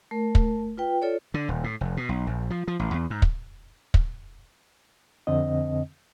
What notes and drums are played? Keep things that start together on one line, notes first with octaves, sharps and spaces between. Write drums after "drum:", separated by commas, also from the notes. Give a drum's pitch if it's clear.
A3 A#4
drum: kick
F4 B4 G5
F4 A4 C#5 D5
D3
D#1
A2
F1
B2
B1
A#1
F3
F3
A1
E2
G#2
drum: kick
drum: kick
F2 D3 C4 D#5